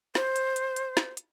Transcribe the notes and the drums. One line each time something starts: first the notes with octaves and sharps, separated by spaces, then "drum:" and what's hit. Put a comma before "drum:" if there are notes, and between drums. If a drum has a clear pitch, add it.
C5, drum: snare
drum: hi-hat
drum: hi-hat
drum: hi-hat
drum: snare
drum: hi-hat